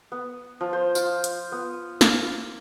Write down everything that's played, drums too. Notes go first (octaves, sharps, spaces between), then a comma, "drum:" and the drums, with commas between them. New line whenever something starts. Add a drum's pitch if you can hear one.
B3
F3
C5
F4, drum: tambourine
drum: hi-hat
B3
A#3, drum: snare